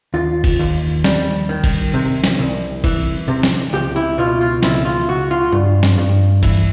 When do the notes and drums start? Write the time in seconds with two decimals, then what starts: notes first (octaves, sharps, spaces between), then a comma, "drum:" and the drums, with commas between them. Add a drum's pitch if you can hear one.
0.14 D#2 F4
0.44 drum: kick, cymbal
0.59 D#2
1.04 G3, drum: snare
1.49 D#3
1.64 drum: kick, cymbal
1.94 C3
2.24 drum: snare
2.39 C2
2.84 E3, drum: kick, cymbal
3.28 C3
3.43 drum: snare
3.73 C#2 G4
3.96 E4
4.18 B2 F4
4.41 F4
4.63 C#2 E4, drum: snare
4.85 F4
5.09 C#2 F#4
5.31 F4
5.52 G2
5.83 drum: snare
5.98 G2
6.43 E3, drum: kick, cymbal